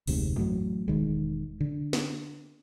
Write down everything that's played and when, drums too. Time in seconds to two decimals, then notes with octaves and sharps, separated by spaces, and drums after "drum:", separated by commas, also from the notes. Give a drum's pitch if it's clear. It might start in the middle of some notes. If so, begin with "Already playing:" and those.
0.07 F1 D2 G#2 C3, drum: open hi-hat
0.36 A1 A2 F#3, drum: tom F2
0.88 E1 D#3 G#3
1.61 D3
1.93 drum: snare